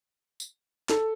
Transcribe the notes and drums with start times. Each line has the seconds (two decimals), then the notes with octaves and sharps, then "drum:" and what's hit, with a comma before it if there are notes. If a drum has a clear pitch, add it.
0.40 drum: tambourine
0.89 A4, drum: snare